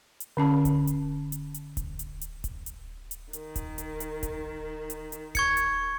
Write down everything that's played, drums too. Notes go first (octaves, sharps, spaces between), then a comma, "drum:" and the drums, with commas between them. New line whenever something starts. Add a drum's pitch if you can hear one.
drum: hi-hat
D3 C#4 A5
drum: kick D1, hi-hat
drum: hi-hat
drum: hi-hat
drum: hi-hat
drum: kick D1, hi-hat
drum: hi-hat
drum: hi-hat
drum: kick D1, hi-hat
drum: hi-hat
drum: hi-hat
D#3, drum: hi-hat
drum: kick D1, hi-hat
drum: hi-hat
drum: hi-hat
drum: kick D1, hi-hat
drum: hi-hat
drum: hi-hat
C#6 G#6 C#7, drum: kick D1, hi-hat
drum: hi-hat